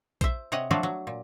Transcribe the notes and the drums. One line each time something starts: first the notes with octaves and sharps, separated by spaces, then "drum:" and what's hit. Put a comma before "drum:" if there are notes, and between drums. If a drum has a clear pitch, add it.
C5 E5, drum: kick A#1, hi-hat
C3 C#5 D#5 F#5
F3 F#3 A3 D4 F4 F#4
F#3
A#2